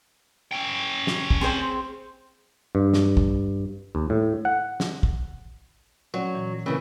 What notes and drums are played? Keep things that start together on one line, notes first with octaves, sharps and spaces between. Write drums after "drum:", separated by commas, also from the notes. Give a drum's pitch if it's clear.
C#4 G5
drum: snare
drum: kick
C4 G#4 C5
G2
drum: snare
drum: kick
D#2
A2
F#5
drum: snare
drum: kick
F#3 C#4 D5 F#5
A#2 E3
C#3 E3 A#3 B5 E6